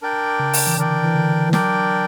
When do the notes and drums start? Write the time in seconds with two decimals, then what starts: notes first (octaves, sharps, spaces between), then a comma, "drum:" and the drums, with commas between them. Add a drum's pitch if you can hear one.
0.02 D4 A#4 D5 G5
0.39 C#3
0.53 drum: open hi-hat
0.67 E3
0.77 D3 D4 A#4 D5 G5
1.04 E3
1.15 D3
1.49 E3
1.53 F#3 D4 A#4 D5 G5, drum: snare